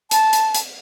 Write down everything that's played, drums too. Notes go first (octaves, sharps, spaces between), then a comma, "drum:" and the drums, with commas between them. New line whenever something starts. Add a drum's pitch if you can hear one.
A5, drum: hi-hat
drum: hi-hat
drum: hi-hat